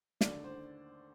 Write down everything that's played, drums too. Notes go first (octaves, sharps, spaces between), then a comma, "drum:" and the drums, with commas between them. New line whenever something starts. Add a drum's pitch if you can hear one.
D#2 D3 A3 D5, drum: snare
C5